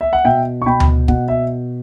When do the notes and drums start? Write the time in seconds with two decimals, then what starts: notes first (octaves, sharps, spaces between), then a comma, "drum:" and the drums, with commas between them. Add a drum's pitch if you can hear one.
0.01 E5
0.13 F#5
0.24 B2 E5 G5
0.62 C#6
0.66 B2 G5 B5
0.80 drum: tom D2
1.08 B2 F#5, drum: kick
1.28 E5